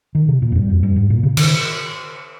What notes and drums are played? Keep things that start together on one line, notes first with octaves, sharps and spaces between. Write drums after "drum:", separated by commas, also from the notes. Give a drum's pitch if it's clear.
D#3
C3
A#2
F2
G2
F2
G2
G#2
A#2
C#3
D#3, drum: cymbal